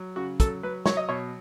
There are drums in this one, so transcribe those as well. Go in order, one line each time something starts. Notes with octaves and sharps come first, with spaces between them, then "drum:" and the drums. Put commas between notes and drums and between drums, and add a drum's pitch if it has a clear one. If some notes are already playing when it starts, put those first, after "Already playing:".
Already playing: F#3
C#3 F#4
F#3 A4, drum: kick, hi-hat
F#3 B4
F#3 C#5, drum: snare
D#5
B2 C#5